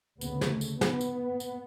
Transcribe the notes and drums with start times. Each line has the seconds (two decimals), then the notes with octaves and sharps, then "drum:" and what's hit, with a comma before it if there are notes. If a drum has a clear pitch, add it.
0.21 D2 C#3 B3, drum: tambourine
0.41 drum: snare
0.51 A3
0.61 drum: tambourine
0.81 B3, drum: snare
1.01 drum: tambourine
1.40 drum: tambourine